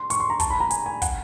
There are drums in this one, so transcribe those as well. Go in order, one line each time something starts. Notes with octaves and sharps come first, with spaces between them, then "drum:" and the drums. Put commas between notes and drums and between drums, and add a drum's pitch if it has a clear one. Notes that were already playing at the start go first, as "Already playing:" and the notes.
Already playing: C6
C#6, drum: hi-hat
C6
A#5
A5, drum: kick, hi-hat
B5
A#5
G#5, drum: hi-hat
G#5
F#5, drum: kick, hi-hat